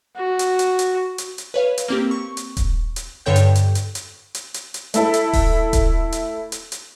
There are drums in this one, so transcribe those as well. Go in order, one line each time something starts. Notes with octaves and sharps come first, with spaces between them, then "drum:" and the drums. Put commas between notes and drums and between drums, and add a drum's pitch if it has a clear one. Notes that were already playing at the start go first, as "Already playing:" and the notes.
F#4
drum: hi-hat
drum: hi-hat
drum: hi-hat
drum: hi-hat
drum: hi-hat
B4 C#5 F5
drum: hi-hat
A#3 C4 G4
C#6
drum: hi-hat
drum: kick D#1, hi-hat
drum: hi-hat
G2 D3 A4 C#5 G5 G6
drum: hi-hat
drum: hi-hat
drum: hi-hat
drum: hi-hat
drum: hi-hat
drum: hi-hat
drum: hi-hat
A3 E4 A4, drum: hi-hat
drum: hi-hat
drum: kick D#1, open hi-hat
drum: kick D#1, hi-hat
drum: hi-hat
drum: hi-hat
drum: hi-hat